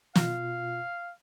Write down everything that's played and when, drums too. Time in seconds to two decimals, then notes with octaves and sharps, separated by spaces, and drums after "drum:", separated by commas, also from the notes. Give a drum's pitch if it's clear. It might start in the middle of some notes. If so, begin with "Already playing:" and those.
0.16 B2 F4 F5, drum: snare